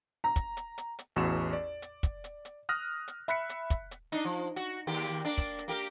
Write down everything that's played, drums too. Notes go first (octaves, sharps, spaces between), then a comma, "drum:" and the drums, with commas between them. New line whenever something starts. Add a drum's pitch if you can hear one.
A#5
drum: kick, hi-hat
drum: hi-hat
drum: hi-hat
drum: hi-hat
A1 E2 F#4 C#6 E7
D5
drum: hi-hat
drum: kick, hi-hat
drum: hi-hat
drum: hi-hat
D#6 F6 F#6 A#6
drum: hi-hat
E5 B5 F#6 B6 C#7, drum: hi-hat
drum: hi-hat
drum: kick, hi-hat
drum: hi-hat
D4 D#4, drum: hi-hat
F3
F#4, drum: hi-hat
D#2 A#3 G4
A#3 D4
drum: kick, hi-hat
drum: hi-hat
A#3 G4 A#4